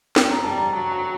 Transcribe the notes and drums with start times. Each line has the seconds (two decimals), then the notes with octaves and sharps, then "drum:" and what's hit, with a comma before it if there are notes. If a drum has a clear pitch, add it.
0.16 G5, drum: snare
0.31 A#5
0.44 G3 A5
0.58 A#5
0.73 F#3 A5
0.92 A#5